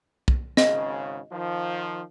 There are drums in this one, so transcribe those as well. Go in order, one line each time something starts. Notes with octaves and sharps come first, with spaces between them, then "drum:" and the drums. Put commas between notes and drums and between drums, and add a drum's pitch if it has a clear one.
drum: kick
G#1 C#3 D#5, drum: snare
D#3 F3